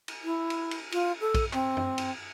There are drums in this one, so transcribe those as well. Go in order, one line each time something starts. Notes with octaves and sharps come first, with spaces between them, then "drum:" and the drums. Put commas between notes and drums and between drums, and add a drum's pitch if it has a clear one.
drum: cymbal
E4
drum: cymbal
drum: cymbal
F4, drum: cymbal
A4
drum: kick A#1, cymbal
C4, drum: clap
drum: tom F#2
drum: cymbal